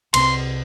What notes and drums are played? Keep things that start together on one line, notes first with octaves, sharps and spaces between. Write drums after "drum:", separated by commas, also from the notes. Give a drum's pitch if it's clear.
C2 C3 E3 C4 C6, drum: cymbal